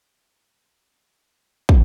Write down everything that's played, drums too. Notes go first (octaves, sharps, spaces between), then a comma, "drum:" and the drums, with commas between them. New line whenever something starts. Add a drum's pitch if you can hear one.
C4 G4
drum: kick